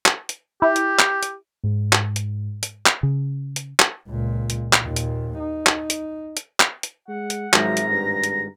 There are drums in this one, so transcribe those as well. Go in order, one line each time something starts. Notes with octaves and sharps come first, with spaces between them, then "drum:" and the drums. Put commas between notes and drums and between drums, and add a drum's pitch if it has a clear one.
drum: clap
drum: hi-hat
E4 G4
drum: hi-hat
drum: clap
drum: hi-hat
G#2
drum: clap
drum: hi-hat
drum: hi-hat
drum: clap
C#3
drum: hi-hat
drum: clap
C#2 A#2
drum: hi-hat
drum: clap
D#2 A#2
drum: hi-hat
D#4
drum: clap
drum: hi-hat
drum: hi-hat
drum: clap
drum: hi-hat
G#3 F#5
drum: hi-hat
G#1 G#2 F3 F#3 E5 A#5, drum: clap
drum: hi-hat
G2 A#6
drum: hi-hat